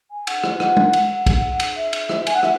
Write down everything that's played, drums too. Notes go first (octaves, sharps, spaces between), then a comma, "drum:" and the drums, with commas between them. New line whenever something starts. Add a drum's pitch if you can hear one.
G#5
F#5, drum: cymbal
drum: rim click
drum: rim click
drum: tom G#3
drum: cymbal
drum: kick, cymbal
drum: cymbal
E5
drum: cymbal
drum: rim click
G#5, drum: cymbal
F#5
E5, drum: rim click